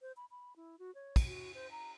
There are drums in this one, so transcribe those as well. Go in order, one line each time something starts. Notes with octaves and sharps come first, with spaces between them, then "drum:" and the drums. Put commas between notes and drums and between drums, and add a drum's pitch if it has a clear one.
C5
B5
B5
E4
F#4
C#5
drum: kick, cymbal
F#4
C5
A#5